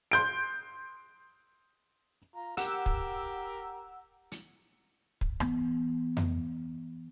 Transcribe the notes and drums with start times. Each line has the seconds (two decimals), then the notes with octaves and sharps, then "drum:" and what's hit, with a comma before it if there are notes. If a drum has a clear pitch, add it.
0.12 C6 G6 D7
2.35 F4 A#5
2.57 G4 A#4 F#5 E6, drum: open hi-hat
2.86 drum: kick
4.32 drum: hi-hat
5.21 drum: kick
5.40 E3 B3, drum: rim click
6.17 drum: tom F2